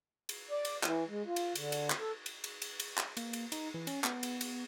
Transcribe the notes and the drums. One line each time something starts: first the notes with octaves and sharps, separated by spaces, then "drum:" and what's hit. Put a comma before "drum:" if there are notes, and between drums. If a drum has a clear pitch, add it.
drum: cymbal
D5
drum: cymbal
E3, drum: clap
G#3
F4
drum: cymbal
D3, drum: cymbal
drum: cymbal
drum: clap
A4
drum: cymbal
drum: cymbal
drum: cymbal
drum: cymbal
drum: clap
A#3, drum: cymbal
drum: cymbal
D#4, drum: cymbal
E3
C#4, drum: cymbal
B3, drum: clap
drum: cymbal
drum: cymbal